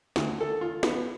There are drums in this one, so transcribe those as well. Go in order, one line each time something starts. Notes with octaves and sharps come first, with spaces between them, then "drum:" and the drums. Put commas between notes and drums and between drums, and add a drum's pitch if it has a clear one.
D2, drum: snare
A4
F4
B3, drum: snare